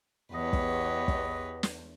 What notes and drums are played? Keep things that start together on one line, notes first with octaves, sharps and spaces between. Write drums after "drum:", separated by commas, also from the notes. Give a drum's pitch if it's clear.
E2 B3 G4 B4 C#5 D#5
drum: kick
drum: kick
drum: snare